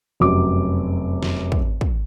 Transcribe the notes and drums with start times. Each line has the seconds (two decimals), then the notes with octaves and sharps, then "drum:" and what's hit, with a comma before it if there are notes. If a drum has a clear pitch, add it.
0.20 F1 F#2 F#3 D6
1.23 drum: snare
1.52 drum: kick
1.81 drum: kick